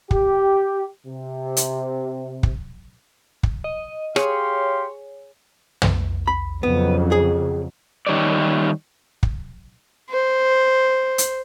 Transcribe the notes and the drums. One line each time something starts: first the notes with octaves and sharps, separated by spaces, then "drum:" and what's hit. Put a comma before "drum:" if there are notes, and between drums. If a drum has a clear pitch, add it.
G4, drum: kick
C3
drum: hi-hat
drum: kick
drum: kick
D#5
G4 G#4 C#5 F5 C6, drum: rim click
drum: tom
B5
F2 C#3 F#3 B3
G#4
D#3 G3 C#5 D5
drum: kick
C5
drum: hi-hat